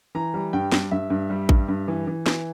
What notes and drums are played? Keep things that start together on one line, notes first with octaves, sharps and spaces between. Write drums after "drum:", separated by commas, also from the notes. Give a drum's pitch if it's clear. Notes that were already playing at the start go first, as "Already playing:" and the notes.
E3 A#5
G3
G2 G5
G2, drum: snare
G2 E5
G2
G3
G2, drum: kick A1
G2
E3
E3
E3, drum: snare